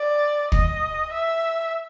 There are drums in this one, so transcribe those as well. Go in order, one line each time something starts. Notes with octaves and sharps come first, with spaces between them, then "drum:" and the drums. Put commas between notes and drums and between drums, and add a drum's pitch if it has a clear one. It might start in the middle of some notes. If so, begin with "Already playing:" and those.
Already playing: D5
D#5, drum: kick
E5